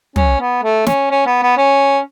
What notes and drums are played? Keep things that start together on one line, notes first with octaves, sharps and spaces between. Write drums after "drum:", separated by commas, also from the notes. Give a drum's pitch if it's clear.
C#4, drum: tom
B3
A3
C#4, drum: snare
C#4
B3
B3
C#4